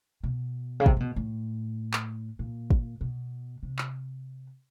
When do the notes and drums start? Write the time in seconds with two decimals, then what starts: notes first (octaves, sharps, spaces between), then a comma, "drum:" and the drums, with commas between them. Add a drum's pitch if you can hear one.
0.23 B2
0.80 C#3
0.86 C3, drum: kick
0.97 C3
1.00 B2
1.16 A2
1.93 drum: clap
2.39 A#2
2.70 drum: kick
3.01 B2
3.63 C3
3.78 drum: clap